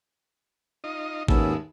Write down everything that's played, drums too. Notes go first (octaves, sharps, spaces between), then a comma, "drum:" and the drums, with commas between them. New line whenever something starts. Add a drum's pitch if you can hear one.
D#4 F4 D#5
D#2 G#2 G#3 B3 C#4 A4 E5, drum: kick G#1